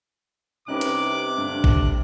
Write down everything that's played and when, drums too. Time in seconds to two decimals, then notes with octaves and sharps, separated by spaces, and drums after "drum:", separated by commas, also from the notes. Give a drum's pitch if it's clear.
0.68 C2 C3 C#4 D#4 B4 D6 F#6
0.81 drum: hi-hat
1.38 G2 D3
1.64 drum: kick A1